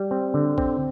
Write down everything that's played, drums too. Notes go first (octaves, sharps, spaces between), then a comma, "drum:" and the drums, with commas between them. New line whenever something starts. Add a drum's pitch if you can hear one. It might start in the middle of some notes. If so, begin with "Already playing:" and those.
Already playing: G3
C4
D3
C4, drum: kick A1